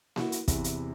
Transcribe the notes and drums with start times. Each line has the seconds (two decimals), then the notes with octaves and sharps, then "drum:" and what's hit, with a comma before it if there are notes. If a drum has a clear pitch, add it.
0.16 E4 F#4, drum: snare A#3
0.32 drum: hi-hat
0.48 E2 C3 E3, drum: kick, hi-hat
0.64 drum: hi-hat